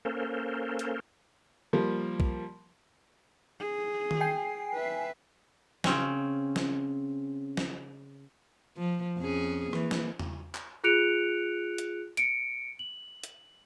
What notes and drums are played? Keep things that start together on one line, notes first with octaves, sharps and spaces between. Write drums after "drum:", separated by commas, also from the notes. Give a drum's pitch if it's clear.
A#3 C#4 A4 A#4 C5
drum: hi-hat
F3 G3 A#3
drum: kick
G#4
drum: tom D#3
G5 G#5 C7
B4 E5
C#3 C4 C#4, drum: snare
drum: snare
drum: snare
F3
F2 C#4 G#4
E3 A#3, drum: rim click
drum: snare
drum: tom E2
drum: clap
F4 G#4 F#6 C#7 D7 F7
drum: hi-hat
C#7 D7, drum: hi-hat
F#7
drum: hi-hat